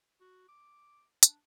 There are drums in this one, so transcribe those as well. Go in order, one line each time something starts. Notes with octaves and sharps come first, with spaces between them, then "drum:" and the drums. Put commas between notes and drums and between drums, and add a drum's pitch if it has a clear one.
F#4
D6
D4, drum: hi-hat